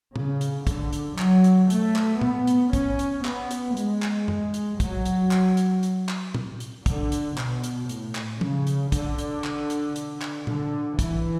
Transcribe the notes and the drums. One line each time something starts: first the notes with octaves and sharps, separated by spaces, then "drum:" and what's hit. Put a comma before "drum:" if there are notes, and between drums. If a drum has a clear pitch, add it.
C#3, drum: tom
drum: hi-hat
D3, drum: kick, hi-hat
drum: hi-hat
F#3, drum: clap
drum: hi-hat
A3, drum: hi-hat
drum: clap
B3, drum: tom
drum: hi-hat
C#4, drum: kick, hi-hat
drum: hi-hat
B3, drum: clap
drum: hi-hat
G#3, drum: hi-hat
drum: clap
drum: tom F#2
drum: hi-hat
F#3, drum: kick, hi-hat
drum: hi-hat
drum: clap
drum: hi-hat
drum: hi-hat
drum: clap
drum: tom
drum: hi-hat
D3, drum: kick, hi-hat
drum: hi-hat
B2, drum: clap
drum: hi-hat
A2, drum: hi-hat
drum: clap
C#3, drum: tom
drum: hi-hat
D3, drum: kick, hi-hat
drum: hi-hat
drum: clap
drum: hi-hat
drum: hi-hat
drum: clap
D3, drum: tom
E3, drum: kick, hi-hat